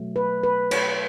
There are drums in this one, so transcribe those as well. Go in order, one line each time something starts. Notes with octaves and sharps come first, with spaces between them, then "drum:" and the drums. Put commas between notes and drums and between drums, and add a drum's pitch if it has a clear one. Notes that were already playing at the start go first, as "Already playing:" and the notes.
Already playing: B2 F#3 A3
B4
B4
C#5, drum: cymbal